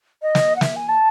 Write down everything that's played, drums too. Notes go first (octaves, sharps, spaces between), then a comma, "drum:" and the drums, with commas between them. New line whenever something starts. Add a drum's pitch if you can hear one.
D#5
drum: snare
F#5
E5, drum: snare
G#5
A5